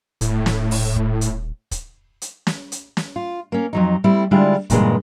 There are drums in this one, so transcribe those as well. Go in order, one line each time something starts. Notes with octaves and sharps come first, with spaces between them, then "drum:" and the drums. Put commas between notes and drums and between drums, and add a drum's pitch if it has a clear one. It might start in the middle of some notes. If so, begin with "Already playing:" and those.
D#1 A2, drum: hi-hat
drum: snare
drum: open hi-hat
drum: kick
drum: hi-hat
drum: kick, hi-hat
drum: hi-hat
drum: snare
drum: hi-hat
drum: snare
F4
A#3 C#4
F2 F#3 D#4
G3 A3 C4 E4
D3 G3 G#3 D4 E4 F4
G2 A#2 C#3 E3 G#3, drum: kick, hi-hat